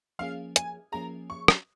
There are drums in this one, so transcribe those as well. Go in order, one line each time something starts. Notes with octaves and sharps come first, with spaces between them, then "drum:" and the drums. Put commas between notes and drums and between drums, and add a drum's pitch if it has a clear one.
F3 A#3 C#4 G#4 F5
G#5, drum: hi-hat
F3 A#3 C#4 G#4 A#5
C#6
drum: rim click